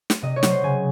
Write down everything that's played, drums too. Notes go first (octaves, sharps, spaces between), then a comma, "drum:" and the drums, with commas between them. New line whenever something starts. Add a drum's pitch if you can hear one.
drum: snare
C3 D#5
C#5
F#3, drum: snare
C5
C#3 G#5